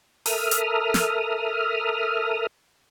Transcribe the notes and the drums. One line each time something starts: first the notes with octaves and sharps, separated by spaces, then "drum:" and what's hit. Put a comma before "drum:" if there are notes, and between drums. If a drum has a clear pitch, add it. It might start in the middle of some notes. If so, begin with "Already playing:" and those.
A4 A#4 E5 D#6 F6, drum: open hi-hat
drum: hi-hat
drum: snare